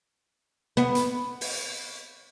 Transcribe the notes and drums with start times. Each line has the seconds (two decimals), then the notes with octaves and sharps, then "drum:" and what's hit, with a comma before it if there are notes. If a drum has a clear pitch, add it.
0.77 B3, drum: snare
0.95 drum: hi-hat
1.41 drum: open hi-hat